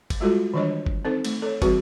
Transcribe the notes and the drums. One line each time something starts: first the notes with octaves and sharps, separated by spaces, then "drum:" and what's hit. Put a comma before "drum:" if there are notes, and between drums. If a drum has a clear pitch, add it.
drum: kick, cymbal
G3 G#3 F4 F#4 A4
D#3 E3 G3 D4 C#5 D#5
drum: kick
C4 D#4 A4 C5
A3, drum: cymbal
A4 C#5
E3 G3 C4 F#4 G#4 B4, drum: kick, cymbal